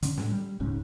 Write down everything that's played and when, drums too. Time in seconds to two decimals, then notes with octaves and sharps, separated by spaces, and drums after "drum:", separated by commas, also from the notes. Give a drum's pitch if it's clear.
0.02 D3 C#4, drum: hi-hat
0.17 A2 G#3, drum: snare
0.32 G3
0.60 D#1 C#2 G#2 C#4